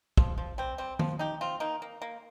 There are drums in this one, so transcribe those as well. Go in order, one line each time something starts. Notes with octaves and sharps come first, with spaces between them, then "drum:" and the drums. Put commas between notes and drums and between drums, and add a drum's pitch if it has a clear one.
F3, drum: kick
F3
G3 C4
G3 C4
F3, drum: tom
D#4 G4
C4 F4
A#3 D#4
A#3
A#3